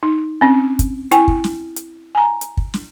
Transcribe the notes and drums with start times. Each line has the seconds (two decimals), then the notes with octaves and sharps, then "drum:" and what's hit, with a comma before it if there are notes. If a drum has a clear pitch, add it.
0.03 D#4
0.41 C4 C#4
0.79 drum: kick, hi-hat
1.11 E4 G5 G#5, drum: hi-hat
1.28 drum: kick
1.44 drum: snare
1.76 drum: hi-hat
2.15 G#5 A#5
2.41 drum: hi-hat
2.57 drum: kick
2.74 drum: snare